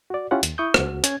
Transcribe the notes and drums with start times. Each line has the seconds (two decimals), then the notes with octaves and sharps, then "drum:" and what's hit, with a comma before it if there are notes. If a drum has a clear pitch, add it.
0.10 F#4 D5
0.31 C#4 E4 F4 G4 F#5
0.43 D#2, drum: hi-hat
0.58 E4 C#6 D#6 G6
0.74 C#2 F#4, drum: rim click
1.04 C#4 G#6, drum: hi-hat